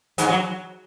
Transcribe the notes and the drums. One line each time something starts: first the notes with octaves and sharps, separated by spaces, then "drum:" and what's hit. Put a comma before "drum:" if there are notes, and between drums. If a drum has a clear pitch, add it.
G#2 G#3, drum: hi-hat
F#3